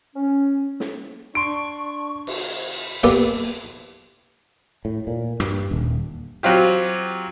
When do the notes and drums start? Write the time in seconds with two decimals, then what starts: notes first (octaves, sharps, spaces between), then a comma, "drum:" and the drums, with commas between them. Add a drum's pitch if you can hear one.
0.16 C#4
0.80 drum: snare
1.35 D4 C6 C#6 D7
2.27 drum: cymbal
3.03 A#3 B3 G4 A4 D5, drum: hi-hat
3.43 drum: hi-hat
4.85 A2
5.07 A#2
5.40 G2, drum: rim click
5.71 D#1
6.43 F#3 C4 F4 G4